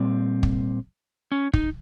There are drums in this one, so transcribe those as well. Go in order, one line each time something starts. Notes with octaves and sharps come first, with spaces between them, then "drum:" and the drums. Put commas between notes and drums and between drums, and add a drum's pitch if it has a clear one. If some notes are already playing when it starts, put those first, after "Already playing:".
Already playing: A#2 G3 C4
drum: kick
C#4
D#4, drum: kick